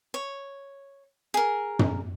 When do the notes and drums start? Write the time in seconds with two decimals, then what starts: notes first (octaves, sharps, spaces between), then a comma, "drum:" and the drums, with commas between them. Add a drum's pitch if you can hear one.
0.14 C#5
1.34 G#4 A#4
1.79 drum: tom